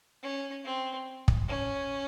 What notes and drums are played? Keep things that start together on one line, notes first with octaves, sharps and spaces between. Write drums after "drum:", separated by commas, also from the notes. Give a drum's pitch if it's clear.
C#4
C4
drum: kick
C#4